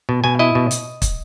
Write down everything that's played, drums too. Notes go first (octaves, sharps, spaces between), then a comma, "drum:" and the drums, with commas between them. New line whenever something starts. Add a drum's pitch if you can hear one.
B2
B2 G#5
E4 D#5
B2
drum: hi-hat
drum: kick, hi-hat